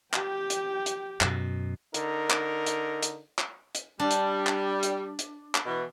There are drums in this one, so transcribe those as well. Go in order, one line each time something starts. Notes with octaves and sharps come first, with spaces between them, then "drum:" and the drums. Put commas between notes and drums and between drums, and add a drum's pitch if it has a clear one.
G4 G5, drum: clap
drum: hi-hat
drum: hi-hat
F#2 B2, drum: clap
D3 D#4 A#4, drum: hi-hat
drum: clap
drum: hi-hat
drum: hi-hat
drum: clap
drum: hi-hat
G3 D4
drum: hi-hat
drum: clap
drum: hi-hat
drum: hi-hat
drum: clap
B2 E3